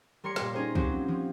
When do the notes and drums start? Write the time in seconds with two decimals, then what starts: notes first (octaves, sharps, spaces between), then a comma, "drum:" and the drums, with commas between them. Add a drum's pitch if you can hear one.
0.24 G3 A#4 C#5 C6 C#7
0.36 A#2 G3, drum: snare
0.54 C#4 D#4 G#4 A#4 C5
0.75 F3 F#3 C4 F#4 G4, drum: kick
1.08 F3